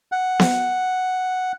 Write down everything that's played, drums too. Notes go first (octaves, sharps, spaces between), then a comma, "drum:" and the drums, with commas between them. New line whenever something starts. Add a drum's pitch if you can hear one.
F#5
drum: snare B3